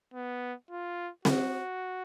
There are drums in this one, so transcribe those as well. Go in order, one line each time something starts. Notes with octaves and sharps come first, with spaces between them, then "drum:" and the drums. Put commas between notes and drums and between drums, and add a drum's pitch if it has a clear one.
B3
F4
F#4, drum: snare C4